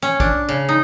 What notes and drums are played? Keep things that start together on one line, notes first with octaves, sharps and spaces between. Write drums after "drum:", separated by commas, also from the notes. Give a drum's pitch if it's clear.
C#4
D4, drum: kick
C#3
D#4